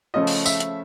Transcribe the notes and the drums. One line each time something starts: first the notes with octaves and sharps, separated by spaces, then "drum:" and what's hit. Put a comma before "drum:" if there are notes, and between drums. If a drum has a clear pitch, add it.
C#3 F3 A3 C#4 F4 D#5
drum: open hi-hat
E5, drum: tambourine
drum: hi-hat